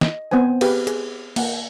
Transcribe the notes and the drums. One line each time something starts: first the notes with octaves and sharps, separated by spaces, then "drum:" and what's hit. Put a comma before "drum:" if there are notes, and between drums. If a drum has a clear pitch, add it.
D#5, drum: snare
B3 C4 C5 G#5
G4 G#4 B4 F5, drum: cymbal
G#4, drum: hi-hat
A#3 F#5, drum: cymbal